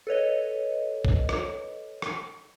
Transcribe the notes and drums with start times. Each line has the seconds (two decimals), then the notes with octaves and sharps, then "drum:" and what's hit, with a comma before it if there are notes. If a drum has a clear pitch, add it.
0.07 A4 B4 C#5 D#5
1.05 drum: kick
1.29 drum: rim click
2.02 drum: rim click